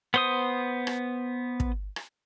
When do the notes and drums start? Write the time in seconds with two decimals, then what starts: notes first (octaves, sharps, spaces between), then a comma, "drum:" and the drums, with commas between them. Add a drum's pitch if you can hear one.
0.14 B3 C5 D#6
0.87 drum: rim click
1.60 drum: kick
1.96 drum: rim click